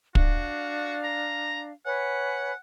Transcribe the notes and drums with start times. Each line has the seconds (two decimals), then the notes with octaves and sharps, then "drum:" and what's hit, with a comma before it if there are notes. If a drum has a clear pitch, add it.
0.15 D4 F#4 F5, drum: kick
1.03 A#5
1.85 B4 C#5 F#5 G#5